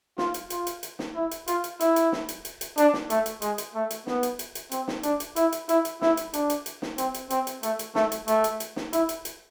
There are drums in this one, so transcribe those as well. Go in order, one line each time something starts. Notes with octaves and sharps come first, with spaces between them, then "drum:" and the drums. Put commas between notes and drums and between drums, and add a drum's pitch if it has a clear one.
F4, drum: snare
drum: hi-hat
F4, drum: hi-hat
drum: hi-hat
drum: hi-hat
drum: snare
E4
drum: hi-hat
F4, drum: hi-hat
drum: hi-hat
E4, drum: hi-hat
drum: hi-hat
drum: snare
drum: hi-hat
drum: hi-hat
drum: hi-hat
D4, drum: hi-hat
drum: snare
A3, drum: hi-hat
drum: hi-hat
G#3, drum: hi-hat
drum: hi-hat
A3
drum: hi-hat
B3, drum: snare
drum: hi-hat
drum: hi-hat
drum: hi-hat
C4, drum: hi-hat
drum: snare
D4, drum: hi-hat
drum: hi-hat
E4, drum: hi-hat
drum: hi-hat
E4, drum: hi-hat
drum: hi-hat
E4, drum: snare
drum: hi-hat
D4, drum: hi-hat
drum: hi-hat
drum: hi-hat
drum: snare
C4, drum: hi-hat
drum: hi-hat
C4, drum: hi-hat
drum: hi-hat
A3, drum: hi-hat
drum: hi-hat
A3, drum: snare
drum: hi-hat
A3, drum: hi-hat
drum: hi-hat
drum: hi-hat
drum: snare
E4, drum: hi-hat
drum: hi-hat
drum: hi-hat